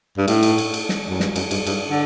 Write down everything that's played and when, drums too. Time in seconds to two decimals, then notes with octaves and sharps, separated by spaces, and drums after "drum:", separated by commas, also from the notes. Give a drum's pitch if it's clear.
0.17 G2
0.28 A2, drum: cymbal
0.43 drum: cymbal
0.58 drum: cymbal
0.74 drum: cymbal
0.89 drum: snare
1.09 F#2
1.20 G2, drum: snare
1.36 F#2, drum: cymbal
1.51 G2, drum: cymbal
1.67 G2, drum: cymbal
1.90 D3